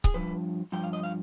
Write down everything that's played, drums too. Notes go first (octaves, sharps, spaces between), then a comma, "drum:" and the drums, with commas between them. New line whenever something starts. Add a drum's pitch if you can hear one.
G#4, drum: kick C#1
G2 F3 B4
G2 F3 G5
F5
D#5
F5